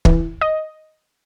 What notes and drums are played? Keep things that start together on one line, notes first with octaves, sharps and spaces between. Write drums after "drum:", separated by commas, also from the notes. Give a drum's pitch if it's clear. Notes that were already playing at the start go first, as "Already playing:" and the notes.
E3, drum: kick
D#5